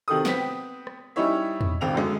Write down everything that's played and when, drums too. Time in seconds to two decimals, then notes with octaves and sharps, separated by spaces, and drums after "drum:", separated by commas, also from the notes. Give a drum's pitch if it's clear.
0.08 C3 D#3 A4 D#6
0.25 B3 C4 B6, drum: snare
0.87 drum: rim click
1.16 G3 C#4 D#4 E4 C#5 E5
1.61 drum: tom E2
1.81 D#1 G#1 C4 F7
1.94 F#2 D3 G#3